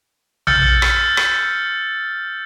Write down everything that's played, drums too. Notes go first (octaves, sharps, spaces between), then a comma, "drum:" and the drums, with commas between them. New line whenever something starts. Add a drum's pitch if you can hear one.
E6 F6 G6 A6 C#7, drum: tom A#1
drum: rim click
drum: rim click